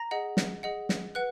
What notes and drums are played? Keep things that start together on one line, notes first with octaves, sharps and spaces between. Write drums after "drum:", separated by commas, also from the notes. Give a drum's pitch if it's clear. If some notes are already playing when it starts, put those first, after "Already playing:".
Already playing: A#5 A#6
G#4 D#5 F#5
drum: snare
G#4 D#5 F#5
drum: snare
B4 F#5 F#6